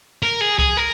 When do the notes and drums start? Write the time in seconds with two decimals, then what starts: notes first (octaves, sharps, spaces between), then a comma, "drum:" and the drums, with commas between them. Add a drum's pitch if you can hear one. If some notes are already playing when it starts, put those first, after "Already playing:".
0.23 A#4
0.41 G#4
0.59 G#4, drum: kick C2
0.77 A#4